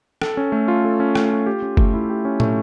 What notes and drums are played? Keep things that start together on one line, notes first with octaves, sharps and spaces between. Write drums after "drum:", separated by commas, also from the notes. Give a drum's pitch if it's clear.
A4, drum: rim click
C#4
A3
F4
A4
C#4
A3, drum: rim click
F4
G4
C#4
A3, drum: kick F#1
E4
G4
C#4
A3, drum: tom